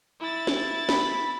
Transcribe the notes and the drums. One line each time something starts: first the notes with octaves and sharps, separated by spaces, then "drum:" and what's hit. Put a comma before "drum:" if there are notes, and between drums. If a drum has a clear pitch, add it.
E4 A6
drum: snare
B5, drum: snare